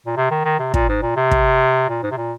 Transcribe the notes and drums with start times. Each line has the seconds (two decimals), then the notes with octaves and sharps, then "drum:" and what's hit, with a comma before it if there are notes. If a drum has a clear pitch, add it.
0.06 A#2
0.17 C3
0.31 D#3
0.45 D#3
0.59 C3
0.74 A#2, drum: kick
0.89 G#2
1.02 A#2
1.16 C3
1.31 drum: kick
1.89 A#2
2.03 G#2
2.11 C3
2.17 A#2